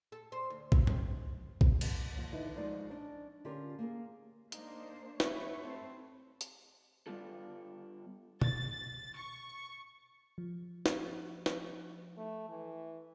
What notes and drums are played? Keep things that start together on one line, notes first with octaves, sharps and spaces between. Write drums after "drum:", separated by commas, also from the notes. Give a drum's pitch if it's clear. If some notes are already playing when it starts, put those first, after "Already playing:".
A4
C5
D2
F#3, drum: kick A#1
D#3, drum: tom G#2
drum: kick A#1
drum: cymbal
D#2 F3
D3 E3 D#4 E4 B4
F3 G#3 D#4 C5 D5
D4 D5
D3 C#4 F4 G4 A#4
A#3 G#4 A#4
A#3 D4 D#4 C5, drum: hi-hat
E4 B4 C#5, drum: snare
A3 C4 C5
drum: hi-hat
G3 B3 D4 F4 A4
A6, drum: tom
C#6
F3
drum: snare
drum: snare
A3
E3